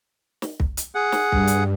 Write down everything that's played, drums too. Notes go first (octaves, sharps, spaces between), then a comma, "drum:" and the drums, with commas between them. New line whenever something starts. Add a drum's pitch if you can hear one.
drum: snare
drum: kick
drum: hi-hat
G#4 F#5
drum: snare
G2, drum: kick
drum: hi-hat